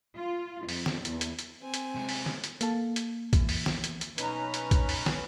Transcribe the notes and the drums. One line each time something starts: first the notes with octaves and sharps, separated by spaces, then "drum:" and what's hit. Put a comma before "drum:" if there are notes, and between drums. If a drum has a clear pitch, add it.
F4
F2, drum: open hi-hat
drum: snare
E2, drum: hi-hat
drum: hi-hat
drum: hi-hat
C4 G#5
drum: hi-hat
C3 G#3
drum: open hi-hat
drum: snare
drum: hi-hat
A#3 A4 F5 A5, drum: hi-hat
drum: hi-hat
E3, drum: kick, hi-hat
drum: open hi-hat
drum: snare
drum: hi-hat
drum: hi-hat
B1 C#4 D#4 B4 A#5, drum: hi-hat
drum: hi-hat
drum: kick, hi-hat
drum: open hi-hat
drum: snare